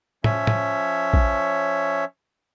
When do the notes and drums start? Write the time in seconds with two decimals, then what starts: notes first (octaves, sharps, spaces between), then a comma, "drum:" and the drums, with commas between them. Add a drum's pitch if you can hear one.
0.24 F3 C#4 C#5 E5, drum: tom
0.47 drum: tom
1.13 drum: kick A#1